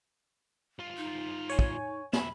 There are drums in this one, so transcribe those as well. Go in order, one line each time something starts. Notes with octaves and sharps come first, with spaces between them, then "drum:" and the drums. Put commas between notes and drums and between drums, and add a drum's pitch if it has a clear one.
G2 F4
D#4
C#5 G#5
drum: kick
B1 E5 B5, drum: snare